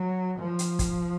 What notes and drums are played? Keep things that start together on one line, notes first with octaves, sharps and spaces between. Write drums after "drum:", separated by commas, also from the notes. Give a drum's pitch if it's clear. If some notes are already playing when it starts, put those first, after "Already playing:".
Already playing: F#3
F3
drum: hi-hat
drum: kick, hi-hat